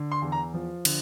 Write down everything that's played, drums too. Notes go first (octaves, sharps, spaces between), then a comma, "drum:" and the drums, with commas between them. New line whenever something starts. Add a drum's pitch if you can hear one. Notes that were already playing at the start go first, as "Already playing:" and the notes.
Already playing: D3
C6
E2
A#5
F3
D3, drum: cymbal